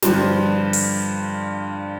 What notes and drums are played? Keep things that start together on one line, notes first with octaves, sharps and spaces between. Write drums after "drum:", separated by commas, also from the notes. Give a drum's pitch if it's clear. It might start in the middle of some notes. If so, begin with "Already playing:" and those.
G2 D3 F3 C5, drum: snare
drum: open hi-hat